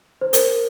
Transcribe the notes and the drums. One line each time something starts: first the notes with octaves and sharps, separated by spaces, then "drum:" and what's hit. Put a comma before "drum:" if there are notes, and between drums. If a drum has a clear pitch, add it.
C5
A#4, drum: hi-hat